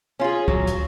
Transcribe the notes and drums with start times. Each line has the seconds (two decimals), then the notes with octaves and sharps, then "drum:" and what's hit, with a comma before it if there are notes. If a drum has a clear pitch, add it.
0.19 C#4 F4 G#4
0.48 F#3, drum: kick
0.67 drum: hi-hat